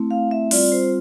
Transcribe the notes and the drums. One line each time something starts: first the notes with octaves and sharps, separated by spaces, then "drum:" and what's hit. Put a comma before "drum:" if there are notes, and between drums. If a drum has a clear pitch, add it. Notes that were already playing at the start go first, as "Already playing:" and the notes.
Already playing: A3 C4 E4
F5
E5
G3 C4 F4 D5, drum: open hi-hat
C5